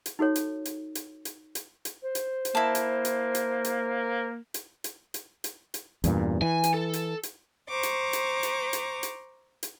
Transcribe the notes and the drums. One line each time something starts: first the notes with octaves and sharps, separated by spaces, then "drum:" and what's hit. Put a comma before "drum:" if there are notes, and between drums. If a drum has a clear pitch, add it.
drum: hi-hat
D#4 F#4 A4 C#5
drum: hi-hat
drum: hi-hat
drum: hi-hat
drum: hi-hat
drum: hi-hat
drum: hi-hat
C5
drum: hi-hat
drum: hi-hat
A#3 E4 A5
drum: hi-hat
drum: hi-hat
drum: hi-hat
drum: hi-hat
drum: hi-hat
drum: hi-hat
drum: hi-hat
drum: hi-hat
drum: hi-hat
E2 G2 A#2, drum: hi-hat
E3 G#5
drum: hi-hat
A4
drum: hi-hat
drum: hi-hat
C5 A#5 C#6 D6
drum: hi-hat
drum: hi-hat
drum: hi-hat
drum: hi-hat
drum: hi-hat
drum: hi-hat